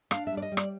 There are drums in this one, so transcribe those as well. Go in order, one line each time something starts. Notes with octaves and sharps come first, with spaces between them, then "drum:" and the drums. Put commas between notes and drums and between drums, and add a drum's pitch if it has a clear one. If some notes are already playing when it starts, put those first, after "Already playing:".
D4 F5, drum: rim click
E5
G3
D5
D#5
G3
D5, drum: rim click